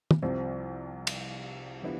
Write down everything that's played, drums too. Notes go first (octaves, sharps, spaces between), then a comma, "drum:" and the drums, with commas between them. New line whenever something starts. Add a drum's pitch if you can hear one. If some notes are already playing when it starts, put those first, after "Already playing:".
drum: tom
C2 C3 F3 C4
drum: cymbal
D3 F3 B3 E4 G4